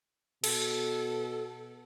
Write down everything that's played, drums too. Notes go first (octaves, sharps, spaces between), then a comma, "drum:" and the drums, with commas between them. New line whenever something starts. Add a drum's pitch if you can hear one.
B2 A4, drum: cymbal